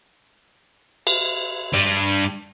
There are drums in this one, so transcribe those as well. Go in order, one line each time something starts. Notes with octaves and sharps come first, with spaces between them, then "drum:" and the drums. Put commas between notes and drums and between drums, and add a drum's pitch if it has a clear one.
drum: cymbal
G3 D4